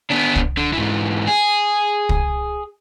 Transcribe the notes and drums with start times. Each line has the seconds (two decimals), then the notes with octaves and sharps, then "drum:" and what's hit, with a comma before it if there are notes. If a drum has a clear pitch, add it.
0.10 B3 D4
0.36 drum: kick
0.57 D3
0.73 G#2 E3
1.27 G#4
2.09 drum: kick